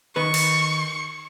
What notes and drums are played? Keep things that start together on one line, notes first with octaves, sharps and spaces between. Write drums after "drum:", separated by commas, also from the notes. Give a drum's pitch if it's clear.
D#3 B4 C#6
drum: cymbal